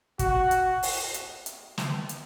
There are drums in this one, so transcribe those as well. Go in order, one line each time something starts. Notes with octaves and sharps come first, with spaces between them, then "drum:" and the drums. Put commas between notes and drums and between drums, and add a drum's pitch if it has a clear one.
F#4, drum: kick, hi-hat
drum: hi-hat
drum: open hi-hat
drum: hi-hat
drum: hi-hat
drum: snare
drum: hi-hat